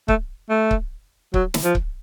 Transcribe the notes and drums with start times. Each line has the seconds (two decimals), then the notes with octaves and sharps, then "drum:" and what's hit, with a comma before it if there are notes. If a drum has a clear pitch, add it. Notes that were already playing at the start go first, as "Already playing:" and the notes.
0.08 A3, drum: kick C#1
0.50 A3
0.71 drum: kick C#1
1.34 F#3, drum: kick C#1
1.54 drum: snare
1.64 F3
1.75 drum: kick C#1